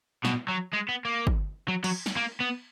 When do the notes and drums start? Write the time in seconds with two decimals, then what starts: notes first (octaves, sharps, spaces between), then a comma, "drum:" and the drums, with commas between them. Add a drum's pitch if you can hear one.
0.25 B2, drum: snare
0.49 F#3
0.73 G#3
0.89 B3
1.05 A#3
1.27 drum: kick
1.68 F#3
1.84 F#3, drum: cymbal
2.06 drum: snare
2.16 A#3
2.40 B3